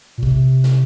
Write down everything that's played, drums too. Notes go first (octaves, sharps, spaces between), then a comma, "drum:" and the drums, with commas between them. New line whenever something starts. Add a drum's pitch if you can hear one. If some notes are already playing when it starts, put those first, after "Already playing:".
A#2
C3, drum: kick
drum: snare